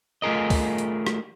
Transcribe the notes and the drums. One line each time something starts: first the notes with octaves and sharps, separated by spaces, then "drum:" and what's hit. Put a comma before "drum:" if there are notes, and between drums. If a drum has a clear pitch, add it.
A3 F4 G#4 A#4 D#5
drum: kick C#2, open hi-hat
drum: hi-hat
drum: rim click